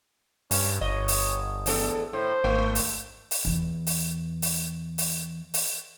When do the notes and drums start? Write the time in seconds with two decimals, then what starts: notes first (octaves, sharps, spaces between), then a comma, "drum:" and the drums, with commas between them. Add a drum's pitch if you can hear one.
0.51 G2 C#4, drum: open hi-hat
0.81 G1 C#5 D#5
1.08 drum: open hi-hat
1.66 E2 A3 B3 A4, drum: open hi-hat
2.13 A2 C5
2.44 G#1 A3
2.75 drum: open hi-hat
3.31 drum: open hi-hat
3.45 E2 E3
3.87 drum: open hi-hat
4.42 drum: open hi-hat
4.98 drum: open hi-hat
5.54 drum: open hi-hat